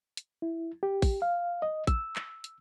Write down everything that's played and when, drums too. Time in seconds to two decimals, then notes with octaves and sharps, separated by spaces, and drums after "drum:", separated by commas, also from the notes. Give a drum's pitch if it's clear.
0.17 drum: hi-hat
0.42 E4
0.83 G4
1.02 drum: kick, open hi-hat
1.22 F5
1.62 D#5
1.87 E6, drum: kick, hi-hat
2.16 drum: clap
2.44 drum: hi-hat